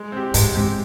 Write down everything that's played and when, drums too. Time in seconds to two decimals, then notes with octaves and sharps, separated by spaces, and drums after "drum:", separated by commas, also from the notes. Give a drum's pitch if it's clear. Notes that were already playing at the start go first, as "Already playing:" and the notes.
Already playing: G#3
0.12 C4 G4
0.34 G#2 G#3, drum: hi-hat
0.55 G#2 C4 G4